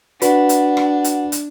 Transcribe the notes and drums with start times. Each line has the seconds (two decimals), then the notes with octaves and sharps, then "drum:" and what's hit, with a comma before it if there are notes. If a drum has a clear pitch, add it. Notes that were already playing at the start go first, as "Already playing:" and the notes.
0.22 D4 F#4 B4 F#5, drum: hi-hat
0.49 drum: hi-hat
0.77 drum: rim click
1.04 drum: hi-hat
1.32 drum: hi-hat